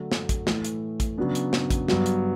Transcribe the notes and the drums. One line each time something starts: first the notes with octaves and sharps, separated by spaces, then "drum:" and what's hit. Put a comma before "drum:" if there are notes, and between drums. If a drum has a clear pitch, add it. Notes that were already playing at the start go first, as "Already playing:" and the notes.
Already playing: D3 F#3 A3
drum: snare
drum: kick A1, hi-hat
A2 E3 A3, drum: snare
drum: hi-hat
drum: kick A1, hi-hat
C#3 F#3 B3 D4
drum: hi-hat
drum: snare
drum: kick A1, hi-hat
G2 F#3 B3, drum: snare
drum: hi-hat